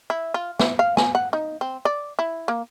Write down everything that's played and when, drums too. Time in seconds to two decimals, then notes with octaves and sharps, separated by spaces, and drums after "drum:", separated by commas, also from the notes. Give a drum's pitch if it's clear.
0.10 E4
0.34 F4
0.59 E3, drum: snare
0.79 F5
0.97 G#5, drum: snare
1.15 F#5
1.33 D#4
1.61 C4
1.85 D5
2.19 E4
2.48 A#3